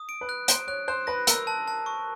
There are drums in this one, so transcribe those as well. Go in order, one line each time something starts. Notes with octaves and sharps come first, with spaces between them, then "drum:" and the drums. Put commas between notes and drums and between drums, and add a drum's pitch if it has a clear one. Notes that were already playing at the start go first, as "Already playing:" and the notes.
Already playing: D#6
D7
B4
F#6
C5 D7, drum: hi-hat
C#5 F#6
C5 F#6
B4 A#6
A#4 E6, drum: hi-hat
A5
A5
C#6